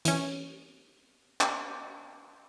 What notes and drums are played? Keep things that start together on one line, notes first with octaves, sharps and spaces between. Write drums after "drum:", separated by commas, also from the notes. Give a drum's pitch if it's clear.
E3 C#4, drum: hi-hat
drum: clap